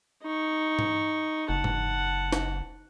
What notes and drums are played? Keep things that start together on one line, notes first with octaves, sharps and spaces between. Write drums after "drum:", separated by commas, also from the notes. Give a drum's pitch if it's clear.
D#4 C#6
drum: tom G#2
F#1 F#5 A5
drum: tom G#2
drum: snare